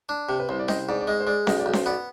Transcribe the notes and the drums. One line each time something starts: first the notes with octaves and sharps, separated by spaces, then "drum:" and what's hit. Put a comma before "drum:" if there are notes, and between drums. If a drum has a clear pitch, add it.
D4
C3 G4
B4
C2 C5
D5
C4 D#5, drum: snare C#4
G#2 D5
D5
G#3 D#5
C5
G#3 D5
B1 D#5, drum: snare C#4
D5
B1
C5, drum: snare C#4
B3 D5